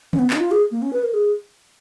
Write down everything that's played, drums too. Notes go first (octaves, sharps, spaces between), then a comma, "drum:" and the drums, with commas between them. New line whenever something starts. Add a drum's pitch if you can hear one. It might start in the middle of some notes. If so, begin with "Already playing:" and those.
C#4, drum: tom
B3
C#4, drum: clap
D#4
F4
G#4
A#3
C#4
B4
A#4
G#4